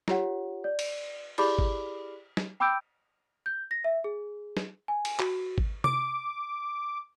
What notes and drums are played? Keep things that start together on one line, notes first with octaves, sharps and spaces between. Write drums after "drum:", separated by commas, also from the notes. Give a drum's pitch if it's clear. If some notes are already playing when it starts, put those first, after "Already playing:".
F4 G4 C#5 F#5, drum: snare
D5
drum: cymbal
E4 G4 G#4 D5 B5 D6, drum: cymbal
drum: kick G#1
drum: snare
G5 B5 D6 E6 G6 D7
G6
A#6
E5
G#4
drum: snare
G#5
drum: cymbal
F#4, drum: clap
drum: kick G#1
D6, drum: tom C3